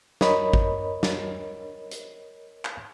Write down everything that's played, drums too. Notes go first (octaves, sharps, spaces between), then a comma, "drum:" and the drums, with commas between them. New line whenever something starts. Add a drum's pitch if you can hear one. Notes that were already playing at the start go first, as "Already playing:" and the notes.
A#4 C#5 D#5 B5, drum: snare
drum: kick G#1
drum: snare
drum: hi-hat
drum: clap